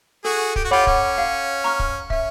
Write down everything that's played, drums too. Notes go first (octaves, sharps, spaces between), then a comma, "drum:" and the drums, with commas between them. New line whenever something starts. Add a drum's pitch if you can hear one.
F#4 G#4 A4
G4, drum: kick
F#4
F4 G4 C#5 F#5 B5 D6
C#4, drum: kick
F5
A#5 C#6 F6
drum: kick
C#4 E5, drum: kick